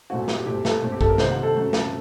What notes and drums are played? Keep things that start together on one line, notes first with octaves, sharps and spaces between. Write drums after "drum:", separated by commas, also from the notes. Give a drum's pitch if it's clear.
A#2 A3 C4 F#4
G4, drum: snare
A#2 A3 C4 G4
A4, drum: snare
A#2 A3 C4
G4
A4, drum: kick A#1
A#4
C3 D#3 G3 A#3 C5, drum: snare
F#5
A4
F#2 F#3 A3 C4
drum: snare